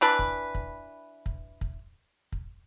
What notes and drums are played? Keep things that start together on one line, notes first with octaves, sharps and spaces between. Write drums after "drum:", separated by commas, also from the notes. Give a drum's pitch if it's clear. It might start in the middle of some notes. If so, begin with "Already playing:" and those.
E3 D4 B4
drum: kick
drum: kick
drum: kick
drum: kick
drum: kick